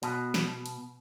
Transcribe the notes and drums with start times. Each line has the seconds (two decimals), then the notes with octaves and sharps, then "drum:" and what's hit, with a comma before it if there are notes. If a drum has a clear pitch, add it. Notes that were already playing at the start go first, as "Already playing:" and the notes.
0.03 B2, drum: hi-hat
0.34 drum: snare
0.66 drum: hi-hat